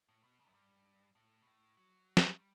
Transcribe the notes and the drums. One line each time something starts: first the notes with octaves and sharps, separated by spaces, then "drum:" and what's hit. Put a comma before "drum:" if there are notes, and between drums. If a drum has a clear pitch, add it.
A2
B2
C#3
F#2
G2
A2
B2
A2
F#3
drum: snare
F#3
G3